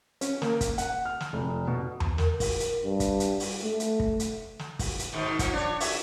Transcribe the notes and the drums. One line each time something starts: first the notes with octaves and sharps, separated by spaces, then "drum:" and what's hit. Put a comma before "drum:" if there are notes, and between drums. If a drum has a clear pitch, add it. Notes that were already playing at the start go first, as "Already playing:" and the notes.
C#4, drum: hi-hat
A#3, drum: snare
drum: kick, hi-hat
F#5, drum: hi-hat
F6
drum: snare
F1
B2
drum: tom E2
A#4, drum: snare
drum: kick, open hi-hat
drum: hi-hat
G2
drum: kick, hi-hat
drum: hi-hat
drum: open hi-hat
A3
drum: hi-hat
drum: kick
drum: hi-hat
drum: snare
drum: kick, open hi-hat
drum: hi-hat
G#2 B2 D#3
F3, drum: kick, hi-hat
D4 C#5
C#5 E5, drum: open hi-hat